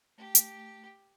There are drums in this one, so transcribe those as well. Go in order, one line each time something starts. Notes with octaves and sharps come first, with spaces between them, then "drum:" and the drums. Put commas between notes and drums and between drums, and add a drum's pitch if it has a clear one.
A3 G4
drum: hi-hat